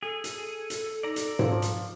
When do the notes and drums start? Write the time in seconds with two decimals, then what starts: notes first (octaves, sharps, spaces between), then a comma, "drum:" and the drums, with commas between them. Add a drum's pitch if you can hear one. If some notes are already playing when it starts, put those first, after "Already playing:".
0.03 G#4 A4
0.24 drum: hi-hat
0.70 drum: hi-hat
1.03 D#4 D5 A#5
1.16 drum: hi-hat
1.39 F3 C5, drum: tom G#2
1.62 drum: hi-hat